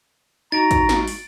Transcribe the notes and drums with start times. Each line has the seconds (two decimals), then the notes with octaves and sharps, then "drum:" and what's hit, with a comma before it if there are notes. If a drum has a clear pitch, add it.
0.52 D#4 F#4 A#5 A6 D7
0.71 drum: kick, hi-hat
0.89 drum: snare
1.07 drum: open hi-hat